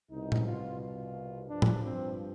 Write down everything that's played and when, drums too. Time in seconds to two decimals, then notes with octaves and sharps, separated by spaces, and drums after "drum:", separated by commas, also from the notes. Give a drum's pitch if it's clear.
0.11 C2 B2 D#4
0.32 drum: tom A2
0.46 F4
0.80 F4
1.49 G2 F3 D4
1.62 drum: tom A2
1.85 C4